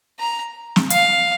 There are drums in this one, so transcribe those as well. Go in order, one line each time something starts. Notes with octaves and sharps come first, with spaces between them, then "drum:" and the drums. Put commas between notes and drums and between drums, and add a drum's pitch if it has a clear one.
A#5
drum: snare
F5, drum: hi-hat